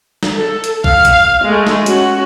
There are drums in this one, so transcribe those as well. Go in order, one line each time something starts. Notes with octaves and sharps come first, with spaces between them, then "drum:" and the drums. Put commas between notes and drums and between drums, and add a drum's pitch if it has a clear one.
drum: snare
A4
drum: hi-hat
F5, drum: kick
drum: kick, hi-hat
G#3 A3
drum: snare
C#4 F#4, drum: hi-hat